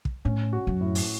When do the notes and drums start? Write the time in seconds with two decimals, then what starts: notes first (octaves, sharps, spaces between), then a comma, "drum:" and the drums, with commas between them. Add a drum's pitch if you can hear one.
0.05 drum: kick
0.25 A2 C#4
0.53 F#4
0.67 F#2
0.81 A2
0.95 drum: open hi-hat